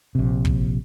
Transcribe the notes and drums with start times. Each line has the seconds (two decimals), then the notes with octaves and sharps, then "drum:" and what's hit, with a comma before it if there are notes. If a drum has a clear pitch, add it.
0.15 A#1 C3
0.45 drum: kick